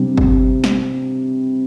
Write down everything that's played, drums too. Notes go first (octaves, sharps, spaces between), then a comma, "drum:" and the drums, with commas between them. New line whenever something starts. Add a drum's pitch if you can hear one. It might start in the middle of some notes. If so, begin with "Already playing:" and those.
Already playing: C3 G3 D4
drum: kick G1
drum: snare